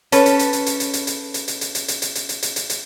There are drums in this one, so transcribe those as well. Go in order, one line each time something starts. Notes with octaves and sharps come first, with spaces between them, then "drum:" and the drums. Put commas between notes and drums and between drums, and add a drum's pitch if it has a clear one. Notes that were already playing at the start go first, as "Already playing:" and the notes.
C#4 A4 B4, drum: hi-hat
drum: hi-hat
drum: hi-hat
drum: hi-hat
drum: hi-hat
drum: hi-hat
drum: hi-hat
drum: hi-hat
drum: hi-hat
drum: hi-hat
drum: hi-hat
drum: hi-hat
drum: hi-hat
drum: hi-hat
drum: hi-hat
drum: hi-hat
drum: hi-hat
drum: hi-hat
drum: hi-hat